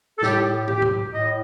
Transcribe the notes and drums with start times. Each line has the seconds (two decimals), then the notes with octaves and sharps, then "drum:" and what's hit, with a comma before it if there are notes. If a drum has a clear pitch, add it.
0.18 A4
0.23 A2 G4, drum: snare
0.68 G4, drum: tom
0.82 drum: tom
1.13 A2 D#5